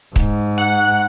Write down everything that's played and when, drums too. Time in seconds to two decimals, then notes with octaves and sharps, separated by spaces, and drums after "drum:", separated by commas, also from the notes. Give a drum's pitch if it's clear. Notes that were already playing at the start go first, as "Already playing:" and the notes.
0.16 G#2, drum: kick
0.58 F#5